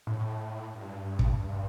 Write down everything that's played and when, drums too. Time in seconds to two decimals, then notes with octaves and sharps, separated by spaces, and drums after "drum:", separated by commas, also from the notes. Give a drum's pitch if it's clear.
0.07 A2
0.74 G2
1.19 drum: kick
1.42 G2